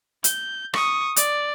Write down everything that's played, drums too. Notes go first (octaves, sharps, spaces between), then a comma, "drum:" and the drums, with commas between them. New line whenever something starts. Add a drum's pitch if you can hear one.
G6, drum: hi-hat
C#6 D#6, drum: rim click
D5, drum: hi-hat